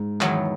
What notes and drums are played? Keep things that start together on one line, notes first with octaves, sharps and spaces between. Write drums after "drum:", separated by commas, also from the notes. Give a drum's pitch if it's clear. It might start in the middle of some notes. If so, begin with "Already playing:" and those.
Already playing: G#2
E2 D#3 F#3 B3 E4, drum: clap